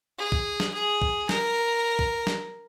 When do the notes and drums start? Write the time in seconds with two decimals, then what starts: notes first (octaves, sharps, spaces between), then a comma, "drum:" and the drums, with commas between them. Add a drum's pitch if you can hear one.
0.18 G#4
0.32 drum: kick B1
0.60 drum: snare
0.74 G#4
1.02 drum: kick B1
1.29 A#4, drum: snare
1.99 drum: kick B1
2.27 drum: snare